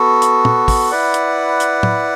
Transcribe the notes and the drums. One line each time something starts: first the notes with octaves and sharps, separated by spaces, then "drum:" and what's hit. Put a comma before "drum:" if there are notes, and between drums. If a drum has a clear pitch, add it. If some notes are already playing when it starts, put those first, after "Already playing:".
Already playing: B3 F#4 A4
drum: hi-hat
drum: tom
drum: kick, open hi-hat
E4 B4 D5 F#5
drum: hi-hat
drum: hi-hat
drum: tom